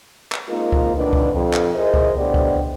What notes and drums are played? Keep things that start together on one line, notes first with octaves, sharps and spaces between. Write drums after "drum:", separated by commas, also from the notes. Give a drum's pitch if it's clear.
drum: clap
G#3 A#3 C4 D#4 F4 A#4
drum: kick C#2
F2 A2 D3 D#3 D4 B4
drum: kick C#2
F2
drum: clap
E4 G#4 A#4 C5 D#5
drum: kick C#2
A2 D3 B3 G4 C5 D5
drum: kick C#2